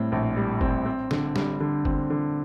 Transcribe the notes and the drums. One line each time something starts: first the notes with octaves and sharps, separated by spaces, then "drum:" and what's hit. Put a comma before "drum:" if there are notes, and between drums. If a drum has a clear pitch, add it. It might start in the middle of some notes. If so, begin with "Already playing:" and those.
Already playing: A2 G3 C4
A#1
G3
C4, drum: kick
C4
D3, drum: snare
G3, drum: snare
D3
C4, drum: kick
D3